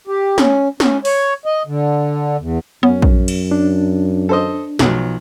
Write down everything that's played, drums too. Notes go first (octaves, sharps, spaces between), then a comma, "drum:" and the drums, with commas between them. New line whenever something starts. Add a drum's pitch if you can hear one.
G4
C#4, drum: snare
C#4, drum: snare
C#5, drum: open hi-hat
D#5
D3
E2
F#2 B3 C#4
drum: kick A#1
drum: cymbal
D4
A4 C5 D#5
B1 F3 F#3, drum: snare